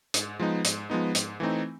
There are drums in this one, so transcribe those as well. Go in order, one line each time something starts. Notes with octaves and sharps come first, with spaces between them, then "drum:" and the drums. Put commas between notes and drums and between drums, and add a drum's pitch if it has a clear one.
G#2, drum: hi-hat
F3 G#3 B3 D#4
G#2, drum: hi-hat
F3 G#3 B3 D#4
G#2, drum: hi-hat
E3 A3 C4 D#4